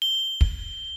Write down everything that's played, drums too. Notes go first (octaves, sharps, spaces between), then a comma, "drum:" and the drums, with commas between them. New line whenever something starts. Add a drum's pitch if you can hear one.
G7
drum: kick